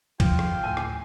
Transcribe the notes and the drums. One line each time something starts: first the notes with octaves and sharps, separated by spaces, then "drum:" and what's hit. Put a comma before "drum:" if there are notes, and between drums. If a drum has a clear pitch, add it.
F2 F3 F4 G5, drum: kick, cymbal
drum: rim click
D2 A2 G#5 E6
drum: rim click